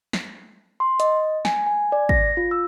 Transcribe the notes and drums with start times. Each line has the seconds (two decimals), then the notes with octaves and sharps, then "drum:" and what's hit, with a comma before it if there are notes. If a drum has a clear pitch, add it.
0.13 drum: snare
0.80 C6
1.00 D#5, drum: hi-hat
1.45 G#5, drum: snare
1.67 G#5
1.92 D5
2.09 A#6, drum: kick
2.37 F4
2.51 E6